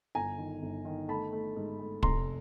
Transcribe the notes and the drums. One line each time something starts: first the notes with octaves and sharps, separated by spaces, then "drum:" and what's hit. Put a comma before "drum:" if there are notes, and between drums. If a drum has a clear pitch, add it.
G1 G#5 A#5
D#3
G1
D#3
A3 A5 B5
A3
G#2
A3
F1 A#5 C6, drum: kick